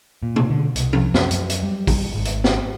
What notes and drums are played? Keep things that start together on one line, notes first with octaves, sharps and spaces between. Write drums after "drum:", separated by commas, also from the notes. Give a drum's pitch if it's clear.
A#2
drum: tom B2
D3
C2, drum: hi-hat
drum: tom
F#2, drum: snare
F#2, drum: hi-hat
drum: hi-hat
G3
drum: kick, open hi-hat
G#1
drum: hi-hat
drum: snare